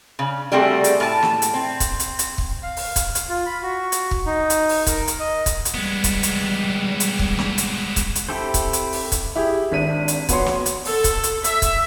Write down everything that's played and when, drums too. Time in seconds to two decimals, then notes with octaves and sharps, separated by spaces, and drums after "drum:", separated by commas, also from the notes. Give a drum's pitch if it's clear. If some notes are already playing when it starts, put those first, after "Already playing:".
0.19 C#3
0.52 G3 A3 C4 F#4 G#4
0.84 drum: hi-hat
1.00 A2 A5
1.23 drum: snare
1.42 drum: hi-hat
1.54 C4
1.80 drum: kick C#1, hi-hat
2.00 drum: hi-hat
2.19 drum: hi-hat
2.38 drum: kick C#1
2.63 F5
2.77 drum: open hi-hat
2.96 drum: kick C#1, hi-hat
3.15 drum: hi-hat
3.29 F4
3.46 B5
3.63 F#4
3.92 drum: hi-hat
4.11 drum: kick C#1
4.26 D#4
4.50 drum: hi-hat
4.69 drum: open hi-hat
4.87 A#4, drum: kick C#1, hi-hat
5.08 drum: hi-hat
5.20 D#5
5.46 drum: kick C#1, hi-hat
5.65 drum: hi-hat
5.75 G3 G#3 B3
6.04 drum: kick C#1, hi-hat
6.23 drum: hi-hat
7.00 drum: hi-hat
7.19 drum: kick C#1
7.38 drum: snare
7.58 drum: hi-hat
7.96 drum: kick C#1, hi-hat
8.15 drum: hi-hat
8.29 C4 E4 G4 A4 C5
8.54 drum: kick C#1, hi-hat
8.73 drum: hi-hat
8.92 drum: open hi-hat
9.12 drum: kick C#1, hi-hat
9.35 E4 G4 G#4
9.72 G#1 D4 B6 D#7
10.08 drum: hi-hat
10.29 B3 F#4 C#5 C6, drum: kick C#1, hi-hat
10.46 drum: snare
10.66 drum: hi-hat
10.85 A4, drum: open hi-hat
11.04 drum: kick C#1, hi-hat
11.23 drum: hi-hat
11.44 E5, drum: hi-hat
11.62 drum: kick C#1, hi-hat